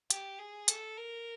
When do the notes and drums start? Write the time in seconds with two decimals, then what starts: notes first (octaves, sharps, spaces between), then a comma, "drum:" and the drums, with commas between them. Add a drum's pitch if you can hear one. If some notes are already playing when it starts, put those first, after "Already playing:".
0.10 G4, drum: hi-hat
0.39 G#4
0.68 A4, drum: hi-hat
0.97 A#4